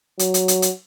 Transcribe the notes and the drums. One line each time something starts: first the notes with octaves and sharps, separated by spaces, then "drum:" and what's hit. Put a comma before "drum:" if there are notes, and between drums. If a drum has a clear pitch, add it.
F#3, drum: hi-hat
drum: hi-hat
drum: hi-hat
drum: hi-hat